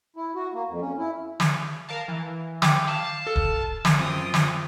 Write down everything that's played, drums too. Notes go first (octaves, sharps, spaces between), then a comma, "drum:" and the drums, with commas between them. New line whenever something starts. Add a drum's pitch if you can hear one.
E4
F#4
A#3
F2
C#4
E4
drum: snare
A#4 F5 A5
E3
G5 D6, drum: snare
F5 A5
A4
drum: kick D#1
drum: snare
F#2 C4 F4 G5 D#6
drum: snare